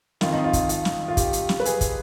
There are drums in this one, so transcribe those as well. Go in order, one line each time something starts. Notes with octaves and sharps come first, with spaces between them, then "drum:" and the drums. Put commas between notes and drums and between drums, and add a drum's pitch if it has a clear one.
F2 D#3 F4, drum: snare
D#4
F4
drum: kick, hi-hat
F4, drum: hi-hat
drum: snare
F4
G4, drum: kick, hi-hat
drum: hi-hat
drum: snare
B4
G#4, drum: hi-hat
drum: kick, hi-hat